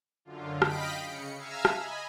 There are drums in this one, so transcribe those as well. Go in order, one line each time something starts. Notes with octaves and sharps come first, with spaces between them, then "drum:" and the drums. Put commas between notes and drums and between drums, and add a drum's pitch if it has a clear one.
F#2 D3 F4
D#5 F5 G5 B5 B6 D7, drum: rim click
C#3 C#7
E5 F5 G#5 A#5 E6 F6
drum: rim click
D#5 G#5 B5